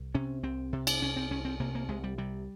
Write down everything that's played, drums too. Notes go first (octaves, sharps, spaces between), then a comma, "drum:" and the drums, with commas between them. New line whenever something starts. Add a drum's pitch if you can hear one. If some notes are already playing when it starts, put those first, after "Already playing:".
Already playing: C2
C3 C#4
C2 C4
C3
drum: cymbal
C2 C#4
C4
C2 C#4
C4
C3 A#3
A#3
C2 G#3
G3
C3 G3